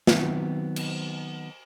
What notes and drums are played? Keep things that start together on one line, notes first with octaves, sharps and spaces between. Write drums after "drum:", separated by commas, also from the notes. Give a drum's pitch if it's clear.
D#3 F#3 B3 C4, drum: snare
drum: cymbal